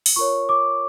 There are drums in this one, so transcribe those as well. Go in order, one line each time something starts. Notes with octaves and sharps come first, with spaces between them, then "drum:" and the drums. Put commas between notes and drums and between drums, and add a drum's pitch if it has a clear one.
drum: open hi-hat
F4 A#4 C#5 C#6
D6